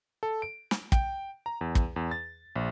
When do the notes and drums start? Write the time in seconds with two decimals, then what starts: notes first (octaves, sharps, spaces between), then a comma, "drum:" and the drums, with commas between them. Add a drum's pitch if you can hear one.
0.23 A4
0.42 D7
0.71 drum: snare
0.92 G5, drum: kick
1.46 A#5
1.61 E2
1.75 drum: kick
1.96 E2
2.11 A6
2.56 A#1